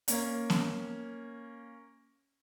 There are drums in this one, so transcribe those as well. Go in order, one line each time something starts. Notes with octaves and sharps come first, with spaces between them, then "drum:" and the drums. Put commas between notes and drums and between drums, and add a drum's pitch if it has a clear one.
A#3 C#4, drum: hi-hat
drum: snare B3